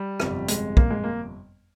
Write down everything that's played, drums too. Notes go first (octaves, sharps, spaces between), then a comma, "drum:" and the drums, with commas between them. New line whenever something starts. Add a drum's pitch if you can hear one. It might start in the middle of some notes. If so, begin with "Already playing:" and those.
Already playing: G3
G1 F2 C3, drum: rim click
G#3, drum: hi-hat
A#3, drum: kick
G#3
A#3